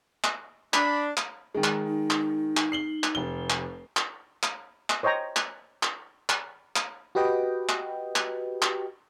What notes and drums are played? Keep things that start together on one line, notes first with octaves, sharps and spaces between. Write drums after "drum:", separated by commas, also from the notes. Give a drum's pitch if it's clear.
drum: clap
D4 B5, drum: clap
drum: clap
D#3 G#3
drum: clap
D#4
drum: clap
drum: clap
C7 F#7 G7
drum: clap
F1 G7
drum: clap
drum: clap
drum: clap
drum: clap
C5 C#5 D#5 G5 A#5
drum: clap
drum: clap
drum: clap
drum: clap
F#4 G4 B4 D#5 G5
drum: clap
drum: clap
drum: clap